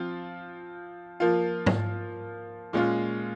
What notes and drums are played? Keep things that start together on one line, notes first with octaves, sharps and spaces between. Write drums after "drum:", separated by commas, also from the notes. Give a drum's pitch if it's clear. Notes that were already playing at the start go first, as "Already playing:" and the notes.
Already playing: F3 C4 F4
F3 A#3 F4
drum: tom G#2
A#2 G#3 C#4 F4